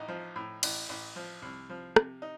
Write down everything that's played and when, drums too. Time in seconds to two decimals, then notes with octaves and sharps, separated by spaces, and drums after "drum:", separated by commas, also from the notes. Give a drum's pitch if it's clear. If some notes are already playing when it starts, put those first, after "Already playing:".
Already playing: A1 D#4
0.08 F3
0.36 A2
0.63 A1, drum: cymbal
0.89 A1
1.16 F3
1.42 C2
1.69 F3
1.96 C3, drum: rim click
2.22 D#4